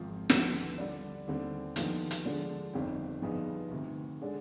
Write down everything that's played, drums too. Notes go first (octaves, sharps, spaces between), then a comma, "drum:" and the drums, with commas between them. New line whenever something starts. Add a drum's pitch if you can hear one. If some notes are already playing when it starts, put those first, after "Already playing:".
Already playing: G#1 G#2 F3 C4
D#2 D3 F3 B3, drum: snare
D3 G3 D4
D#2 D3 G3 C4
D#2 D3 F3 B3 D#4, drum: hi-hat
drum: hi-hat
D3 F3 G#3 D4
G1 F2 D#3 G3 C4
G2 F3 B3 D#4 G#4
D2 C3 D#3
D3 G#3 D4